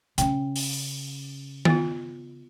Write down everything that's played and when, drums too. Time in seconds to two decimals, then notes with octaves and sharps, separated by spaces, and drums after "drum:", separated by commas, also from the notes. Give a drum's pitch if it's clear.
0.18 C#3 C#4 G5, drum: hi-hat
0.56 drum: open hi-hat
1.65 B3 F4, drum: tom D#3